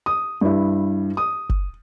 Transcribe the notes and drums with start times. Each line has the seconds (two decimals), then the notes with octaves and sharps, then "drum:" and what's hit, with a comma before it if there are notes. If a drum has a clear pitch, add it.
0.06 D#6
0.41 G2 E4
1.17 D#6
1.49 drum: kick F#1